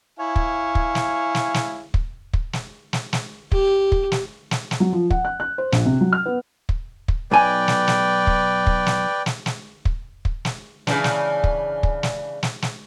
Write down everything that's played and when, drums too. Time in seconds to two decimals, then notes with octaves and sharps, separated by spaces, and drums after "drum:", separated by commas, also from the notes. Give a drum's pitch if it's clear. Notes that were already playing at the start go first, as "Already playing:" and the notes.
0.19 E4 C#5 F5 G#5
0.36 drum: kick
0.75 drum: kick
0.95 drum: snare
1.35 drum: snare
1.54 drum: snare
1.94 drum: kick
2.34 drum: kick
2.53 drum: snare
2.93 drum: snare
3.13 drum: snare
3.52 G4, drum: kick
3.92 drum: kick
4.12 drum: snare
4.51 drum: snare
4.71 drum: snare
4.80 F#3
4.93 F3
5.11 F#5, drum: kick
5.25 F#6
5.40 F#6
5.58 C5
5.72 A#1, drum: snare
5.85 C3
6.01 F#3
6.13 F6
6.26 B3
6.69 drum: kick
7.08 drum: kick
7.31 B1 B4 D5 G5 G#5
7.68 drum: snare
7.88 drum: snare
8.27 drum: kick
8.67 drum: kick
8.86 drum: snare
9.26 drum: snare
9.46 drum: snare
9.85 drum: kick
10.25 drum: kick
10.45 drum: snare
10.87 C#3 E3 D4, drum: snare
11.04 drum: snare
11.44 drum: kick
11.83 drum: kick
12.03 drum: snare
12.43 drum: snare
12.62 drum: snare